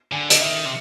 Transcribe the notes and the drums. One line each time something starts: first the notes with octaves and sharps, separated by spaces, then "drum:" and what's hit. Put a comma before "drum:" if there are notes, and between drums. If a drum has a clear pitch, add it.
D3 G#5
D3 D#5, drum: hi-hat
D#3 E5
C3